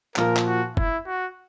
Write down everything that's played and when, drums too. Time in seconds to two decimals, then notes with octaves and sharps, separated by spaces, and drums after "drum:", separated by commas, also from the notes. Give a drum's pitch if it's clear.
0.16 A#2 F3 A#3 A#4, drum: clap
0.37 drum: clap
0.46 F#4
0.77 E4, drum: kick
1.06 F#4